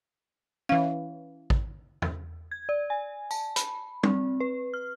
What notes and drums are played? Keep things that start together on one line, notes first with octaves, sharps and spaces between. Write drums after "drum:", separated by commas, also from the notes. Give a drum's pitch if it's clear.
E3 C#4 F5
drum: kick A1
drum: tom
G#6
D5
G#5
A5, drum: tambourine
B5, drum: hi-hat
C4, drum: tom G3
B4
F6